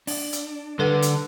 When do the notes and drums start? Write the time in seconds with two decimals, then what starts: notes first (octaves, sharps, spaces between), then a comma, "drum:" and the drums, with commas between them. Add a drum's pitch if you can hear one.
0.07 D4, drum: open hi-hat
0.33 drum: hi-hat
0.79 D3 G3 A4 B4 F#5
1.02 drum: hi-hat